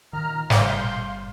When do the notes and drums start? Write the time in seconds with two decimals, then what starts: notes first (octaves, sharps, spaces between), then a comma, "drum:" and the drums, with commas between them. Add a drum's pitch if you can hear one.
0.13 A#2 D#3 A#5 F6
0.50 G1 G3 F5 C6 G6, drum: snare